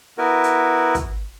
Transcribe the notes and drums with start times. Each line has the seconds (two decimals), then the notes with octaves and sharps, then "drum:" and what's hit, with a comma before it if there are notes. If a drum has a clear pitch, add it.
0.18 B3 E4 F#4 A#4 B4
0.44 drum: hi-hat
0.95 drum: kick, hi-hat